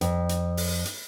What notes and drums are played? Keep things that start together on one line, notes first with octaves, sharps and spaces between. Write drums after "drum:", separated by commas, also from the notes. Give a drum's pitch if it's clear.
F2, drum: hi-hat
drum: hi-hat
drum: open hi-hat
drum: hi-hat